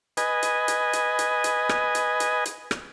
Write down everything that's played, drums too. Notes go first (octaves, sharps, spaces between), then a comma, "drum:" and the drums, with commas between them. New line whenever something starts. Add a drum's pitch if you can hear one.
B4 D#5 G#5, drum: hi-hat
drum: hi-hat
drum: hi-hat
drum: hi-hat
drum: hi-hat
drum: hi-hat
drum: rim click
drum: hi-hat
drum: hi-hat
drum: hi-hat
drum: rim click